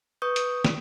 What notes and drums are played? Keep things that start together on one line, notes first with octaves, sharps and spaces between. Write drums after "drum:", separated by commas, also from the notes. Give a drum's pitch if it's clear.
B4 C#6 D#6 G6
drum: hi-hat
drum: snare